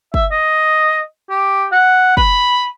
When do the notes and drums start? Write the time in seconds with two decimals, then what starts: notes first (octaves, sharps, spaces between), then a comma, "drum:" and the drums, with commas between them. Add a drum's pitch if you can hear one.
0.14 E5, drum: kick
0.32 D#5
1.30 G4
1.72 F#5
2.17 B5, drum: kick